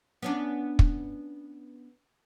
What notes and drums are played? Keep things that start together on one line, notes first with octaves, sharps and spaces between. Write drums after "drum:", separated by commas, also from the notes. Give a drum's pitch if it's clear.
B3 C#4 D4
drum: kick